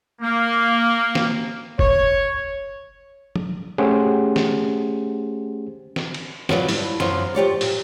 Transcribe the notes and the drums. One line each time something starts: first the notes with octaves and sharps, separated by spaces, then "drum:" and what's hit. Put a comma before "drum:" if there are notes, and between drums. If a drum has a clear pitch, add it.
A#3
drum: snare
C#5, drum: kick F#1
drum: tom F3
A3 C#4 G4 G#4 C5 F#5
drum: snare
drum: snare
drum: cymbal
F3 F#3 B4 D5, drum: snare
G2 E4, drum: open hi-hat
F#2 F3 F4 C#5, drum: snare
F3 G4 C#5 D5
A#2, drum: open hi-hat